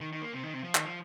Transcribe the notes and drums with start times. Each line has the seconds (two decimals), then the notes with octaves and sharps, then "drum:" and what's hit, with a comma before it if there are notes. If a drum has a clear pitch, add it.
0.01 D#3
0.12 D#3
0.22 A#3
0.33 C3
0.43 D#3
0.54 C3
0.64 F3
0.75 D#3, drum: clap
0.84 F3